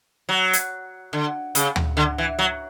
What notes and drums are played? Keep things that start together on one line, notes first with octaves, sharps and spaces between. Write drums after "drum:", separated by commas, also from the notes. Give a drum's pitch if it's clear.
F#3
drum: hi-hat
D3
C#3, drum: hi-hat
drum: tom D2
D3
E3
F#3